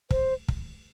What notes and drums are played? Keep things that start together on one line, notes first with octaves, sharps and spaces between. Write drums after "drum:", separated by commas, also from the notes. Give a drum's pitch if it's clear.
C5, drum: kick
drum: kick